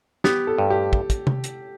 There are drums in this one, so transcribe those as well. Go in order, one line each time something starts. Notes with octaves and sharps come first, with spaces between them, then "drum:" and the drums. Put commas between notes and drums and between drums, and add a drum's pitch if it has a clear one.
B3 G4, drum: snare
A4
G2
G4
drum: kick
drum: kick, hi-hat
drum: tom C3
drum: hi-hat